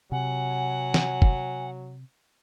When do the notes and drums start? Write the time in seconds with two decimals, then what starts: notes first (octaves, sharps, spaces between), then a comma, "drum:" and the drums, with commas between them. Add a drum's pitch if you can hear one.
0.12 C3 F#3 F#5 G#5
0.94 drum: snare
1.22 drum: kick